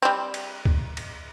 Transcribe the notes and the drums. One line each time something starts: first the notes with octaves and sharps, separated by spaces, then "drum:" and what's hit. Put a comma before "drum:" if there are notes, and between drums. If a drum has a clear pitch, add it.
G3 C4
drum: cymbal
drum: kick
drum: cymbal